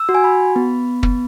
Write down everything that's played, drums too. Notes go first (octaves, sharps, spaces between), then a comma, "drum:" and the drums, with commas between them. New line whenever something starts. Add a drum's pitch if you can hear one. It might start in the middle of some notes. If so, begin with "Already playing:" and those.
Already playing: E6
F#4
G#5
B5
B3
B3, drum: kick